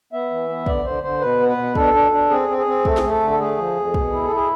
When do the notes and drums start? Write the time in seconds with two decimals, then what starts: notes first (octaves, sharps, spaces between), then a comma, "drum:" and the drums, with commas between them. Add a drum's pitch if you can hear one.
0.13 B3 E5
0.30 E3
0.49 B3
0.66 D3 D5, drum: kick
0.85 D3 C5
1.03 D3 C5
1.21 B2 B4
1.40 B3
1.49 B4
1.58 B2
1.75 D4 A4, drum: kick
1.94 D4
2.12 D4
2.30 C4 G#4
2.49 C4
2.58 G#4
2.66 C4
2.85 A3 A4, drum: kick
2.97 G#4, drum: snare
3.03 A3
3.11 A4
3.21 D3
3.31 A4
3.39 A3 G#4
3.58 F3
3.76 F2
3.94 B2, drum: kick
4.13 E4
4.23 A4
4.30 E4
4.36 G#4